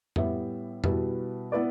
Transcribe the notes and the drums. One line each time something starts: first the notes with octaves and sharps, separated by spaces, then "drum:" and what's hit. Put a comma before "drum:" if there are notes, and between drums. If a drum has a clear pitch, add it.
A2 G3 B3 G4 E5, drum: tom F2
B2 G3 E4 B4, drum: tom F2
B3 E4 B4 D5